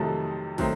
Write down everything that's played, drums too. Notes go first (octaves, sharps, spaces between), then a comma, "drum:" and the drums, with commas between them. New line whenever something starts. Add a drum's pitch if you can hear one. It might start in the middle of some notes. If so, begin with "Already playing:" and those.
Already playing: F2 C3 D#3 F#3 A3 A4
D#3 F#3 A3 C4, drum: kick, open hi-hat